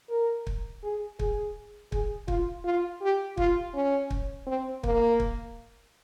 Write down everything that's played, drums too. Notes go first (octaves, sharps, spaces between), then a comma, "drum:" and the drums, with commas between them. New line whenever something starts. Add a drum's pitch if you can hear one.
A#4
drum: kick
G#4
G#4, drum: kick
G#4, drum: kick
F4, drum: kick
F4
G4
F4, drum: kick
C#4
drum: kick
C4
A#3, drum: kick
drum: kick